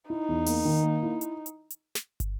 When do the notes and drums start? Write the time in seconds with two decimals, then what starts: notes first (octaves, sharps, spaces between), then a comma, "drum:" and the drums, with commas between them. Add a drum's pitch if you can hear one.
0.10 D#4 E4
0.29 E2
0.46 A#3, drum: open hi-hat
0.65 D#3
0.83 A#3
1.03 E4
1.21 drum: hi-hat
1.46 drum: hi-hat
1.70 drum: hi-hat
1.95 drum: snare
2.20 drum: kick, hi-hat